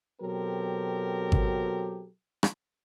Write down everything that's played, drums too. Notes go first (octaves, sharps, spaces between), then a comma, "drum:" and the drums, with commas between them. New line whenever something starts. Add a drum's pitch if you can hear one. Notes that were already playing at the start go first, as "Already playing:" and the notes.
B2 F#3 C4 G4 A4 A#4
drum: kick G#1
drum: rim click